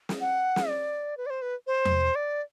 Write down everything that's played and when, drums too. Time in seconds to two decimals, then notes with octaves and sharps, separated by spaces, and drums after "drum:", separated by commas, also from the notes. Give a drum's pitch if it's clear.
0.09 drum: snare
0.20 F#5
0.56 drum: snare
0.69 D5
1.17 B4
1.26 D5
1.30 C5
1.42 B4
1.67 C5
1.85 drum: tom E2
2.15 D5